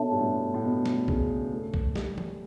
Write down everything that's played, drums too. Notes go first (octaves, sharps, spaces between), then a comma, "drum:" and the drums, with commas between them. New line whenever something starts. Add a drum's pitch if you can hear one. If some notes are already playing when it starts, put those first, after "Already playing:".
Already playing: B2 D4 A4 C#5 E5 A5
G2
A2
A2
B2
drum: snare
C#3, drum: kick B1
A3
drum: kick B1
G3, drum: snare
drum: tom E3